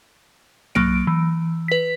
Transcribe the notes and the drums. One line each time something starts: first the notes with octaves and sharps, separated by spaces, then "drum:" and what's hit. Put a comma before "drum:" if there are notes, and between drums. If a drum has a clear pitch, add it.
F#3 A#3 D7, drum: tom B1
E3
B4 B6